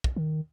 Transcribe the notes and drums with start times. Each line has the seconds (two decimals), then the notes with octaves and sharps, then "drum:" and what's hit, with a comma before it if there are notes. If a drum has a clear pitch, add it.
0.04 drum: kick
0.16 D#3